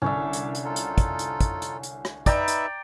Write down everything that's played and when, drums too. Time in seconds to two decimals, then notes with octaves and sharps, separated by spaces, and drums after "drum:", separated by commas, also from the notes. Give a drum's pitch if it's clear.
0.02 C2 D3 C#4 D4 C#5 E5 D6
0.33 drum: hi-hat
0.55 drum: hi-hat
0.64 D#4 F4 A4
0.76 drum: hi-hat
0.98 drum: kick, hi-hat
1.19 drum: hi-hat
1.40 drum: kick, hi-hat
1.62 drum: hi-hat
1.83 drum: hi-hat
2.05 drum: rim click
2.26 D#4 B4 D5 E5 G5 A#5 B5, drum: kick, hi-hat
2.48 drum: hi-hat